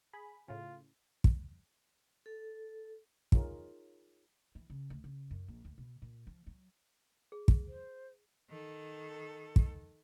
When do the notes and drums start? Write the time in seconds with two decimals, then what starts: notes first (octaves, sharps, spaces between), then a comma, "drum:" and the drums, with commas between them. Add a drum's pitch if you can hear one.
0.13 G#4 B5
0.48 A2 C#3 F4
1.24 drum: kick
2.26 A4
3.32 C#4 D#4 F4 G#4 A#4, drum: kick
4.55 E3
4.70 C#3
4.90 D2
5.04 C#3
5.31 F#2
5.48 A#1
5.65 D2
5.78 B2
6.02 A#2
6.27 F3
6.47 F#3
7.32 G#4
7.48 drum: kick
7.68 C5
8.50 D#3 A4
9.56 drum: kick